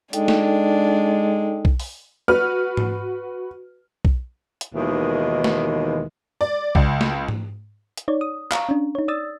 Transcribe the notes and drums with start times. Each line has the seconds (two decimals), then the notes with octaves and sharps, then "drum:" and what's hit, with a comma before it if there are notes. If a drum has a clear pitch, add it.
0.13 G#3 D4 D#4 A4 G5, drum: hi-hat
0.28 drum: snare
1.65 drum: kick B1
1.79 drum: open hi-hat
2.28 F#4 B4 F6
2.77 drum: tom G#2
4.05 drum: kick B1
4.61 drum: hi-hat
4.74 D#2 B2 D#3 E3 G#3
5.44 drum: snare
6.41 D5
6.75 C#2, drum: kick B1
7.01 drum: snare
7.28 drum: tom G#2
7.97 drum: hi-hat
8.08 D#4 C#5 D5
8.21 D#6
8.52 F5 A#5 C#6, drum: clap
8.69 C#4 D4
8.95 D#4 C#5
9.08 D5 D#6 E6 A6